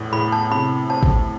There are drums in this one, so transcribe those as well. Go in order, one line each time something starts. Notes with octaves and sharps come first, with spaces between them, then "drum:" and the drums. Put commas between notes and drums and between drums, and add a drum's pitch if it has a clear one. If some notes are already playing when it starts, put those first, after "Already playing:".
Already playing: E2 A2
A2 B5
A5
C3 B5
C4 A5
drum: kick A1